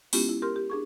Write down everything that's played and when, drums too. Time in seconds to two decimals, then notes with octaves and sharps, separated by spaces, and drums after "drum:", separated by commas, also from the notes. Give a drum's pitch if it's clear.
0.13 G#3 B3 C#4 E4 F4 G4, drum: open hi-hat
0.29 E4
0.42 G4 A#4 C6 F6
0.56 G4
0.70 D4 G#4 C#6